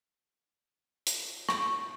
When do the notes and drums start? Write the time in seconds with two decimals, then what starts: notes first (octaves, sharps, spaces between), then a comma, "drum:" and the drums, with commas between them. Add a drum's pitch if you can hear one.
1.07 drum: hi-hat
1.49 C#6, drum: rim click